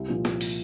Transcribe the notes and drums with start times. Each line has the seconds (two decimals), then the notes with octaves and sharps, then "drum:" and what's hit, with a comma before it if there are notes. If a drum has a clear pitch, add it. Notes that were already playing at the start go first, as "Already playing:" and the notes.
Already playing: C2
0.08 A#2 F3
0.25 drum: snare
0.41 drum: open hi-hat